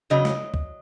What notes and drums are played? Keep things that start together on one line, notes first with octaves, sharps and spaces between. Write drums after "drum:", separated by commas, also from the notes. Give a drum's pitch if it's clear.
E2 C#3 F#3 D#5
drum: snare
drum: kick